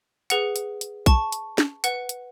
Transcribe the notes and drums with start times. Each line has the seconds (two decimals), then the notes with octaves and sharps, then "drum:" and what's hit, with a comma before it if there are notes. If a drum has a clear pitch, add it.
0.30 G#4 B4 F#5, drum: hi-hat
0.56 drum: hi-hat
0.81 drum: hi-hat
1.06 A5 C#6, drum: kick A#1, hi-hat
1.32 drum: hi-hat
1.58 drum: snare
1.84 B4 F#5, drum: hi-hat
2.09 drum: hi-hat